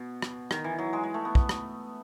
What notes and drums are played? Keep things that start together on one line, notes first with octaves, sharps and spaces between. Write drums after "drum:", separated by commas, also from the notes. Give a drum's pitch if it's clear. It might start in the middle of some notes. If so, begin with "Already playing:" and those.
Already playing: B2
drum: rim click
D#3, drum: rim click
E3
F#3
G#3
G#3
A3
B3
drum: kick
drum: rim click